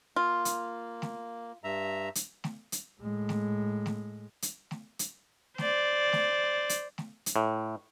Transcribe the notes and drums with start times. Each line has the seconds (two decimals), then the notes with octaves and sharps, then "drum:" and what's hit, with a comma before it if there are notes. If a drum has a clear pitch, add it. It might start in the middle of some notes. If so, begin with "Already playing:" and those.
0.16 A#3 F4
0.45 drum: hi-hat
1.02 drum: snare A3
1.64 G2 E5 A#5
2.15 drum: hi-hat
2.44 drum: snare A3
2.72 drum: hi-hat
3.01 A2 G#3
3.29 drum: snare A3
3.86 drum: snare A3
4.42 drum: hi-hat
4.71 drum: snare A3
4.99 drum: hi-hat
5.58 C5 D5, drum: snare A3
6.13 drum: snare A3
6.69 drum: hi-hat
6.98 drum: snare A3
7.26 drum: hi-hat
7.36 A2